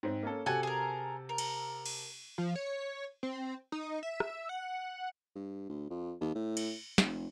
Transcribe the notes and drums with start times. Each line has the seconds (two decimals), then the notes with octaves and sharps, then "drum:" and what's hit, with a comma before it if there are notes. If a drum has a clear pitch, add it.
0.03 G#2 C4
0.23 A#3 C#4 A4
0.46 C3 F#4 A4 F#5 G#5
0.63 G#4 A#4
1.29 A#4
1.38 drum: cymbal
1.85 drum: cymbal
2.38 F3
2.56 C#5
3.23 C4
3.72 D#4
4.03 E5
4.20 drum: rim click
4.49 F#5
5.35 G2
5.69 D2
5.90 F2
6.21 D#2
6.35 A2
6.57 drum: cymbal
6.98 F1, drum: snare